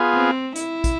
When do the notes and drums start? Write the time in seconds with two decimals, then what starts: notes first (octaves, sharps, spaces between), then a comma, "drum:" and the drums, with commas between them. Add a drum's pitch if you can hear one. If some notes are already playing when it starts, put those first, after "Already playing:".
Already playing: B3 F4 G#4
0.14 C4
0.56 E4, drum: hi-hat
0.84 drum: kick, hi-hat